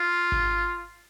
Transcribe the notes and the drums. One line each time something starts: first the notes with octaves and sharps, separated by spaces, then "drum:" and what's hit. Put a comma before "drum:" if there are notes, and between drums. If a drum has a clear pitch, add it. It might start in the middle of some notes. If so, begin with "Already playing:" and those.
Already playing: F4
drum: kick G#1